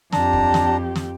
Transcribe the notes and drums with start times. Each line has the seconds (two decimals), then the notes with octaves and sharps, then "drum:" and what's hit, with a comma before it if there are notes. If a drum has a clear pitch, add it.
0.12 F2 D4 G4 A5 A#5, drum: snare
0.33 drum: kick
0.54 drum: snare
0.96 drum: snare